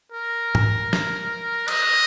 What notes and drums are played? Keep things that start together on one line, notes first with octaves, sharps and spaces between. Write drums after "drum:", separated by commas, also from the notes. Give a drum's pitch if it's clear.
A#4
drum: tom
drum: snare
D#5, drum: cymbal